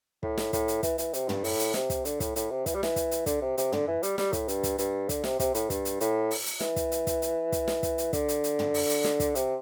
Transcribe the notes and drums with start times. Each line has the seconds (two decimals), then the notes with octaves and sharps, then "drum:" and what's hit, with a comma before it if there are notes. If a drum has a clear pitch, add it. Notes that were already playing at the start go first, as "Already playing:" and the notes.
0.23 A2, drum: kick
0.38 drum: snare
0.53 A2, drum: kick, hi-hat
0.68 drum: hi-hat
0.83 E3, drum: kick, hi-hat
0.98 E3, drum: hi-hat
1.13 C3, drum: hi-hat
1.29 G2, drum: tom
1.44 A2, drum: open hi-hat
1.59 drum: hi-hat
1.74 C3, drum: snare
1.90 drum: kick, hi-hat
2.05 D3, drum: hi-hat
2.20 A2, drum: kick, hi-hat
2.36 A2, drum: hi-hat
2.51 C3
2.66 E3, drum: kick, hi-hat
2.74 G3
2.83 E3, drum: snare
2.96 drum: kick, hi-hat
3.11 drum: hi-hat
3.26 D3, drum: kick, hi-hat
3.42 C3
3.58 C3, drum: hi-hat
3.72 D3, drum: tom
3.88 E3
4.03 G3, drum: hi-hat
4.18 G3, drum: snare
4.33 A2, drum: kick, hi-hat
4.48 G2, drum: hi-hat
4.63 drum: kick, hi-hat
4.78 G2, drum: hi-hat
5.09 D3, drum: kick, hi-hat
5.24 C3, drum: snare
5.40 C3, drum: kick, hi-hat
5.55 A2, drum: hi-hat
5.70 G2, drum: kick, hi-hat
5.85 drum: hi-hat
6.00 A2, drum: hi-hat
6.31 drum: open hi-hat
6.46 drum: hi-hat
6.61 E3, drum: snare
6.76 drum: kick, hi-hat
6.92 drum: hi-hat
7.07 drum: kick, hi-hat
7.22 drum: hi-hat
7.52 drum: kick, hi-hat
7.68 drum: snare
7.83 drum: kick, hi-hat
7.98 drum: hi-hat
8.13 D3, drum: kick, hi-hat
8.28 drum: hi-hat
8.44 drum: hi-hat
8.59 drum: tom
8.74 drum: open hi-hat
8.89 drum: hi-hat
9.04 drum: snare
9.20 drum: kick, hi-hat
9.35 C3, drum: hi-hat